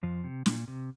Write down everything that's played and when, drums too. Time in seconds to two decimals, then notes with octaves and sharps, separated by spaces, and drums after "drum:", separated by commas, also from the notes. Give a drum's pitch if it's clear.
0.03 F2 F3
0.24 C3
0.46 A#2, drum: snare
0.68 C3